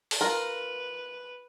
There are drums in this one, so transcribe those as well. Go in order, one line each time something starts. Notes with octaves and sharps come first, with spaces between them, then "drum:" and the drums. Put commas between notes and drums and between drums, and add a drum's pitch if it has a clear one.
drum: open hi-hat
F4 A#4 B4